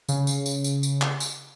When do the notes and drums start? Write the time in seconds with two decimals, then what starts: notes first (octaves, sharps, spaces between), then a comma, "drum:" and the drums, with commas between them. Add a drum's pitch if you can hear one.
0.08 C#3, drum: tambourine
0.27 drum: tambourine
0.46 drum: tambourine
0.64 drum: tambourine
0.83 drum: tambourine
1.02 drum: clap
1.20 drum: tambourine